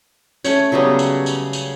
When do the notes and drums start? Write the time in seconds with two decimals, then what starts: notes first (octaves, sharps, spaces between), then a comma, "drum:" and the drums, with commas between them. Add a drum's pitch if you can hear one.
0.44 A3 C#4 C#5, drum: tambourine
0.72 C#3 F#3 G3 B3
0.99 drum: tambourine
1.26 drum: tambourine
1.53 drum: tambourine